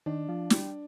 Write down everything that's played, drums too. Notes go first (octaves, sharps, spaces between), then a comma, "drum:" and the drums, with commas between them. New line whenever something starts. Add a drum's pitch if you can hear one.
D#3 D4
F3
G3, drum: snare